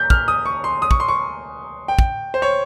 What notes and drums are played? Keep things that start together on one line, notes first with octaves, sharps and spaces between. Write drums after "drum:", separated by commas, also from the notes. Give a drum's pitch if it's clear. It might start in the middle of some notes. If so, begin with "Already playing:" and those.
Already playing: G6
F6, drum: kick
D#6
C#6
C6
D#6
C#6, drum: kick
C6
C#6
G5
drum: kick
C5
C#5